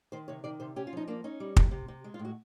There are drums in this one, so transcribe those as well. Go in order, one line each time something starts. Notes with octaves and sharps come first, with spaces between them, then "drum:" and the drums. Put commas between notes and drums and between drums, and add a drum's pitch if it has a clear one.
D#3 C5
C3 C#5
D#3 D5
C3 C5
C#4 G4
F4
F3 D#4
A#3 D4
C#4 D#4
G3
C3, drum: kick
C3
C3
G#3
F4
A2
F#4